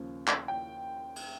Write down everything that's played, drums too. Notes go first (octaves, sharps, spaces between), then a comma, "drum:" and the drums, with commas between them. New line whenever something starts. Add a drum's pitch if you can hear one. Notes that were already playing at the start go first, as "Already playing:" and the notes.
Already playing: D#2 C#3 F3
drum: clap
G5
drum: cymbal